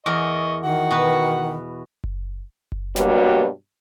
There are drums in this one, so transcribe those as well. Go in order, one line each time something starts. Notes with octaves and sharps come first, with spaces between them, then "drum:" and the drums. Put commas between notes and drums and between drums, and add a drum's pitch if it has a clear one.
E2 A#4 D#5 C#6
D#3 F#4 F#5
B2 B4
drum: kick F#1
drum: kick F#1
G2 B2 F#3 G3 A#3, drum: snare